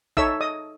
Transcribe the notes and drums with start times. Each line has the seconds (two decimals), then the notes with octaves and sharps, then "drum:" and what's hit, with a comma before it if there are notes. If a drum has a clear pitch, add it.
0.17 D#4 A4 C#5 E5 E6, drum: kick A1
0.41 D#5 D#6